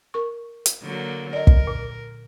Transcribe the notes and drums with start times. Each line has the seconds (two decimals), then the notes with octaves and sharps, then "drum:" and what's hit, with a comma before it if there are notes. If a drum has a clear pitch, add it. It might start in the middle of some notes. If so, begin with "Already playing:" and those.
0.14 A#4 C#6
0.66 drum: hi-hat
0.82 D3 F#3 A#3
1.33 A#4 D5 D#5
1.47 drum: kick
1.67 A#2